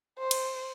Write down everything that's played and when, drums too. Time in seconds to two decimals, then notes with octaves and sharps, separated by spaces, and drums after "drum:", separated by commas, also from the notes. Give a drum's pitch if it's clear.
0.19 C5
0.31 drum: cymbal